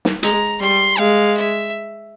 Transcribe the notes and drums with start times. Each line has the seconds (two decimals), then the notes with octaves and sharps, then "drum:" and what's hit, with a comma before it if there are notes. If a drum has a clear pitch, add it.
0.05 drum: snare
0.23 G#3 A#5, drum: hi-hat
0.61 G3 C6
0.98 G#3 F5
1.37 E5